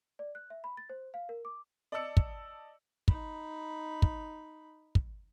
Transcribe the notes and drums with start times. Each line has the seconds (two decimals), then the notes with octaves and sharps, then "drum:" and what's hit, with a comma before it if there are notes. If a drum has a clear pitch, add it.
0.19 D5
0.35 F#6
0.50 E5
0.64 B5
0.77 A6
0.89 C5
1.14 F5
1.29 A#4
1.45 D6
1.92 D5 D#5 A5 E6 C#7
2.17 drum: kick
3.08 D#4 B5, drum: kick
4.02 drum: kick
4.95 drum: kick